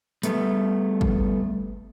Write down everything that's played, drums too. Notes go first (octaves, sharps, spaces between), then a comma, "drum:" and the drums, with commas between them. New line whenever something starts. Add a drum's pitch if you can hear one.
G3 A3 B3, drum: hi-hat
drum: kick